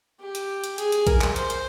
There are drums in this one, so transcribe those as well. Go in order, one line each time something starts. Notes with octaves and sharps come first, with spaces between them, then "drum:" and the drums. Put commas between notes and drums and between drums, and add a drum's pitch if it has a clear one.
G4
drum: hi-hat
drum: hi-hat
G#4, drum: hi-hat
drum: hi-hat
A#4, drum: kick A#1, hi-hat
drum: clap
C5, drum: hi-hat
drum: hi-hat